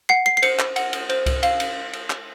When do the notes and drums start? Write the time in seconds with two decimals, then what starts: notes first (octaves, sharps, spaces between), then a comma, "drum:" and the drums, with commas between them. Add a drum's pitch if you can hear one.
0.09 F#5 C7
0.26 C7
0.37 C7
0.42 C5 C#7, drum: cymbal
0.59 drum: clap
0.76 F#5, drum: cymbal
0.93 drum: cymbal
1.09 C5, drum: cymbal
1.26 drum: kick C2, cymbal
1.43 F5, drum: cymbal
1.60 drum: cymbal
1.93 drum: cymbal
2.10 drum: clap